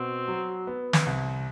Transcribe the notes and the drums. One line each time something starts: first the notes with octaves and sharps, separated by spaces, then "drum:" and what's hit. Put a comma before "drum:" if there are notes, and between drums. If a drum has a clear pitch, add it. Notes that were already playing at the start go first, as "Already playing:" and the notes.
Already playing: B2 C4
F#3
B3
drum: snare
C2